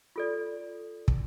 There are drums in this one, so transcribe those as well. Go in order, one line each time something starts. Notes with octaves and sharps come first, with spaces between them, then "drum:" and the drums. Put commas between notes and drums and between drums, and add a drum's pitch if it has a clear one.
F4 A4 D5
drum: kick